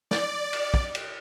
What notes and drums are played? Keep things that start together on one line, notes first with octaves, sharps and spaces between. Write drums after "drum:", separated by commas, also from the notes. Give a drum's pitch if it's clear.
D5, drum: snare
drum: cymbal
drum: kick
drum: cymbal